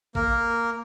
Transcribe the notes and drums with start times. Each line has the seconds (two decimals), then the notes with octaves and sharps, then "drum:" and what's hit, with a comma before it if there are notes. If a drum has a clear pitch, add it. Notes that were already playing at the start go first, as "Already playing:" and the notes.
0.15 A#3 A#4, drum: kick G#1